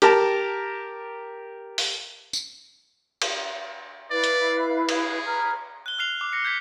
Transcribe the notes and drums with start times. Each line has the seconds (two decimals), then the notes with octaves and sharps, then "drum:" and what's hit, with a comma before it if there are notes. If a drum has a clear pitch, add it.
0.02 G4 A#4 A5 A#5, drum: hi-hat
1.78 drum: open hi-hat
2.33 drum: tambourine
3.22 drum: cymbal
4.11 E4 B4 D5 F5
4.24 drum: hi-hat
4.89 G#4, drum: cymbal
5.25 B4 A#5 F6
5.86 F#6 G7
5.99 F6 F#6 C7 F7 G7
6.21 D6
6.33 A#6 C#7
6.45 G6 G#6 B6